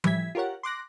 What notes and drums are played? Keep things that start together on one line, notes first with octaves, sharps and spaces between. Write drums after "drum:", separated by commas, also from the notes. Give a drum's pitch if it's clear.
A2 E3 G3 E5 G#6 B6, drum: tom F3
F4 G4 A#4 C#5 F#5
C6 D6 F#6 A#6